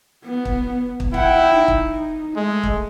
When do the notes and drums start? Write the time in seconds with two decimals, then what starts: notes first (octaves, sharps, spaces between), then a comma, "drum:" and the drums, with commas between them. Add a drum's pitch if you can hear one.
0.24 B3
0.45 drum: kick
1.00 drum: kick
1.14 E4 F#5 G5, drum: kick
1.54 D#4
1.68 drum: kick
2.36 G#3 A3
2.63 drum: kick